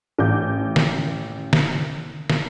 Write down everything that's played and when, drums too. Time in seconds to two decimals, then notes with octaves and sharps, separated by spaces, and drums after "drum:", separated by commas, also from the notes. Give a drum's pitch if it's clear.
0.19 A1 D6 G6
0.76 drum: snare
1.53 drum: snare
2.30 drum: snare